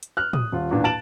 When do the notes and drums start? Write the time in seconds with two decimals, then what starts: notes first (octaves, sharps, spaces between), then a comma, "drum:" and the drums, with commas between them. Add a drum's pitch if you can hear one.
0.03 drum: hi-hat
0.17 F6 F#6
0.33 D#6, drum: tom A2
0.52 D#1 F4
0.71 E2 A#2 D4
0.84 A5 A6 D7 E7 F#7